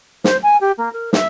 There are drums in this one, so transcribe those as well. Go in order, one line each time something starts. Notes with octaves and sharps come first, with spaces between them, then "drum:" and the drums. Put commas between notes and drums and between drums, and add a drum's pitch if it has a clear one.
C5, drum: snare
G#5
G4
A#3
A#4
E5, drum: snare